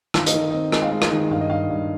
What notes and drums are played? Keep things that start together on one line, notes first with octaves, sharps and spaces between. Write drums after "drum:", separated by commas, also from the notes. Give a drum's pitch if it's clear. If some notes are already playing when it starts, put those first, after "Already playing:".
D#3 F5, drum: rim click
D#5, drum: hi-hat
D#3
C4 D#5
G#3 D#5, drum: rim click
F5
G#3 D#5
drum: rim click
D#3
G2 F5
D#5
G2 F5
G2